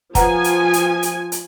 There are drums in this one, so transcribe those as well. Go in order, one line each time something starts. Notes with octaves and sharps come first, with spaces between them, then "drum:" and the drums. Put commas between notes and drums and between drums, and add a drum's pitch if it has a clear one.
F3 B4 F#5 G#5 A#5, drum: kick, hi-hat
drum: hi-hat
drum: hi-hat
drum: hi-hat
drum: hi-hat